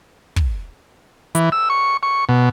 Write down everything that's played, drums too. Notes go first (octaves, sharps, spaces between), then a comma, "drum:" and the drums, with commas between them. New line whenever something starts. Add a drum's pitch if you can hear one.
drum: kick
E3, drum: hi-hat
E6
C#6
C#6
B2